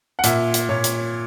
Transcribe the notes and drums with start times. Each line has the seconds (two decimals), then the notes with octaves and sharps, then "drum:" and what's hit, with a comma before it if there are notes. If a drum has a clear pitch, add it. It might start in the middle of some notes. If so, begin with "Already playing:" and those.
0.19 F#5
0.24 A#2 E5, drum: hi-hat
0.54 drum: hi-hat
0.69 A#2 C#5
0.84 drum: hi-hat